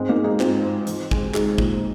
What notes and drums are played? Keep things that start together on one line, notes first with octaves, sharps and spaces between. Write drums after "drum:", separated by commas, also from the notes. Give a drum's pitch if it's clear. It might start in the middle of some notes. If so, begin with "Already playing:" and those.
Already playing: G#2 G#3 C4
A#3 D#4
G#3
D#4 G#4
G#2 C4 F4, drum: clap
G#2
F3, drum: hi-hat
G#3, drum: kick
G#3 D#4 G#4, drum: clap
A#2, drum: kick